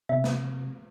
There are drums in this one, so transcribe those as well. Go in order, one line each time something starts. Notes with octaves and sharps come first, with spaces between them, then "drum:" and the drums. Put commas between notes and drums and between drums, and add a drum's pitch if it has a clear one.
C3 E5
drum: snare